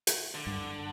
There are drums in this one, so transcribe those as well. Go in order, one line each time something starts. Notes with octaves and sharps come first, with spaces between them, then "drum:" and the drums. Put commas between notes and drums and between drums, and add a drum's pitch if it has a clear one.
drum: hi-hat
D3
G2